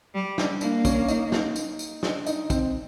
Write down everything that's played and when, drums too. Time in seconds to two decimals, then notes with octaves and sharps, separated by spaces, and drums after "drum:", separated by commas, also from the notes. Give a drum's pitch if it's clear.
0.14 G3
0.38 D4, drum: snare
0.61 A#3 D4, drum: tambourine
0.85 C#4, drum: kick, tambourine
1.08 D#4, drum: tambourine
1.32 drum: snare
1.56 drum: tambourine
1.79 drum: tambourine
2.03 D4, drum: snare
2.26 D#4, drum: tambourine
2.50 C4, drum: kick, tambourine